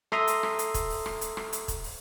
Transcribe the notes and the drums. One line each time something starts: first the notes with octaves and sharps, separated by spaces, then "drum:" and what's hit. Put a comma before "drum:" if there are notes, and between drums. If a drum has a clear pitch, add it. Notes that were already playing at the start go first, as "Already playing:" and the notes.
A4 E5 A#5 C6 D#6, drum: rim click
drum: hi-hat
drum: rim click
drum: hi-hat
drum: kick, hi-hat
drum: open hi-hat
drum: rim click
drum: hi-hat
drum: rim click
drum: hi-hat
drum: kick, hi-hat
drum: open hi-hat